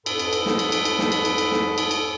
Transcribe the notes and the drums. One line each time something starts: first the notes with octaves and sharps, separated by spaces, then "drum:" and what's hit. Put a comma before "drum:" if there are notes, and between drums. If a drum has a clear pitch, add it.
F2 G#2 A4 B4 B5 D#6, drum: cymbal
drum: cymbal
drum: cymbal
drum: snare
drum: cymbal
drum: cymbal
drum: cymbal
drum: snare
drum: cymbal
drum: cymbal
drum: cymbal
drum: snare
drum: cymbal
drum: cymbal